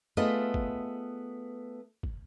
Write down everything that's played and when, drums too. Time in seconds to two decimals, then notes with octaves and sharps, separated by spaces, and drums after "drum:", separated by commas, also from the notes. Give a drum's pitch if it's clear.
0.17 A3 B3 F4 G#4 B4 D#5
0.54 drum: kick
2.03 drum: kick